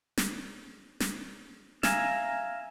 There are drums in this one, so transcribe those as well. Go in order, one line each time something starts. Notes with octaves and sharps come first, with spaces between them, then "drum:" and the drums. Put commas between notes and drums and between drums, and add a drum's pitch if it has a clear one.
drum: snare
drum: snare
E5 F5 G#5 A#5, drum: snare